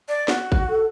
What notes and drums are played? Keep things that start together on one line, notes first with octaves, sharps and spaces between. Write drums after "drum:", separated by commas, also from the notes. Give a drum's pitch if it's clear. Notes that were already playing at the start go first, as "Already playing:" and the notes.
D5
F#4, drum: snare
drum: kick G#1
A4